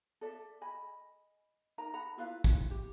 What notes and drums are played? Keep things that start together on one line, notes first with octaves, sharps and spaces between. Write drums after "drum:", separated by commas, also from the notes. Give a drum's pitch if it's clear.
A4 D5 E5
D#5 G#5 B5
D#4 A#4 A#5
D#5 F#5 A#5 B5
E4 F4 B4 F5
drum: kick A1
G4